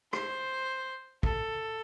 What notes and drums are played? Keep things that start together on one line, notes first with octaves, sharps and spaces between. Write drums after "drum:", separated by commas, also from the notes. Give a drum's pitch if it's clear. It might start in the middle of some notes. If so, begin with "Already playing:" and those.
C5, drum: rim click
A4, drum: kick